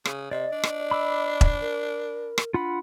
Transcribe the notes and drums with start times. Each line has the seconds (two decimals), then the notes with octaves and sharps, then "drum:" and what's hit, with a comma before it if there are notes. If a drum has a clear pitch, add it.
0.05 C#3, drum: rim click
0.31 C3 D5 D#5
0.52 D4
0.63 drum: rim click
0.91 B5 D6 E6
1.41 drum: kick E1
1.61 A#4
2.38 drum: rim click
2.54 D4 F4 F#5 B5